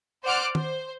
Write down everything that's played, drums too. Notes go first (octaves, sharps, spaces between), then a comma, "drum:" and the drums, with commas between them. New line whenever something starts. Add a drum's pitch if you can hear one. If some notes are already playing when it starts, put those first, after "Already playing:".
C5 D5 F#5 D6 F6 F#6
C5, drum: tom